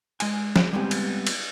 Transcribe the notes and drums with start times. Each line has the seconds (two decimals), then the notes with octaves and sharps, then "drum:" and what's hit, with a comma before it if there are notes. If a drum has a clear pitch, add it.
0.20 G#3 G#5, drum: cymbal
0.56 drum: snare
0.73 G3 G#3 B3 C4 F#4 G4
0.91 drum: cymbal
1.27 drum: cymbal